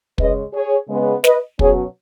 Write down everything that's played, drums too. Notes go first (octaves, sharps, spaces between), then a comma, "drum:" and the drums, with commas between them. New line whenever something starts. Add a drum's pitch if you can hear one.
C#3 G#3 C#4 B4 D#5, drum: kick
G#4 C#5
C#3 G#3 B3
B4 D#5, drum: snare
B2 F#3 C#4 G#4 C#5, drum: kick